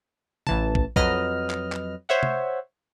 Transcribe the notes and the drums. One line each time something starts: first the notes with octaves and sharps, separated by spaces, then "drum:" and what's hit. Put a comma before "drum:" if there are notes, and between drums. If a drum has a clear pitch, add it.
A1 E3 A5, drum: tom C3
drum: kick
F2 F#3 B4 D#5 F6, drum: kick
drum: clap
drum: clap
C5 C#5 E5 F#5
drum: tom C3